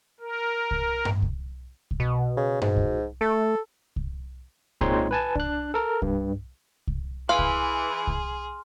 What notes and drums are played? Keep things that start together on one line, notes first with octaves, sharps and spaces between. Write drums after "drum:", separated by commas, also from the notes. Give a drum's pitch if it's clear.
A#4
drum: kick C2
drum: tom G2
drum: kick C2
drum: kick C2
B2
C#3
G#2, drum: tom G2
drum: kick C2
A3 A4
drum: kick C2
A#2 G#3 C4 D#4 C#5 C6, drum: kick C2
B4 G#5 A5
D4 F#6, drum: kick C2
A4 A#4
G2, drum: kick C2
drum: kick C2
E3 G#4 F5 C6 F6
drum: kick C2
drum: kick C2